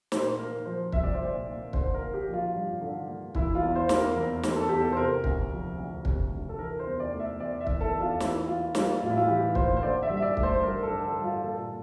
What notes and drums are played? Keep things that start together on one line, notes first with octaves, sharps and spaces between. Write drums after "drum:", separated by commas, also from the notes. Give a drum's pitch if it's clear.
A#2 C5, drum: snare
A#3 A#4
F3 C5
C2 E5, drum: kick
D5
C5
A#2 D5
A#3
D3 C5, drum: kick
A#4
A#3
G4
F3
F4
G2
D3
A#3
E3 E4, drum: kick
F4
E2
C5
A#3, drum: snare
A#4
E2 A#4
E3, drum: snare
A4
E2 G4
A4
C5
C3 A#4
D2, drum: kick
F3
D2
C3, drum: kick
D2
A4
E3 A#4
C5
E2
D5
A3
E5
E2 D5
E5
E3, drum: kick
A4
E2
F4
E3 E4, drum: snare
A#3 F4
G3 F4, drum: snare
A2 F4
E4
F4
E3 G4
A#3 C5, drum: kick
C5
D3 D5
E5
G2
E5
D5
A3, drum: kick
C5
G2 A#4
A4
D3
A4
G2
F4
A#2 A4